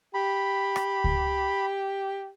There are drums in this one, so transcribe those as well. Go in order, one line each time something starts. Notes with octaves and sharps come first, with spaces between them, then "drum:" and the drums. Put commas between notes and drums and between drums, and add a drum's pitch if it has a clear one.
G4 B5
drum: rim click
drum: kick C#2